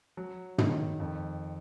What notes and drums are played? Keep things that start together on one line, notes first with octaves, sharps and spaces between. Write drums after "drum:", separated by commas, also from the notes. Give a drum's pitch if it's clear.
F#3
D#3, drum: tom
F2